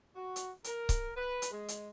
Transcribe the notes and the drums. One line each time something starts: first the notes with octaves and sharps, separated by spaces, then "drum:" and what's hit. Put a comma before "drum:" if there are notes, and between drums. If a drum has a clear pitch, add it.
F#4
drum: hi-hat
A#4, drum: hi-hat
drum: kick C#1, hi-hat
B4
drum: hi-hat
G#3
drum: hi-hat